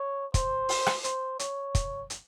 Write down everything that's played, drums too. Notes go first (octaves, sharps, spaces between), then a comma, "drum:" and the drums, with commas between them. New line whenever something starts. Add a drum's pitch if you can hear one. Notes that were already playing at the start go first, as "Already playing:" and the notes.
Already playing: C#5
C5, drum: kick, hi-hat
drum: open hi-hat
drum: rim click
C5, drum: hi-hat
C#5, drum: hi-hat
drum: kick, hi-hat
drum: hi-hat